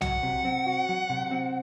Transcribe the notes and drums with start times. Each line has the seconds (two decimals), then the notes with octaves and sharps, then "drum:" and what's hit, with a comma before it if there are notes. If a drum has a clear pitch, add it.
0.01 F#3 F#5, drum: tom B1
0.23 C3
0.45 C4
0.66 F#4
0.89 F#3
1.10 C3
1.31 C4